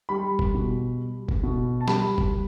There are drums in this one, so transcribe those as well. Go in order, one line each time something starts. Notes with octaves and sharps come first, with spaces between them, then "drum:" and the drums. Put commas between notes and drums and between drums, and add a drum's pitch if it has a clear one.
G3 B5
drum: kick
B2
G3
drum: kick
B2
A5
G3 B5, drum: snare
drum: kick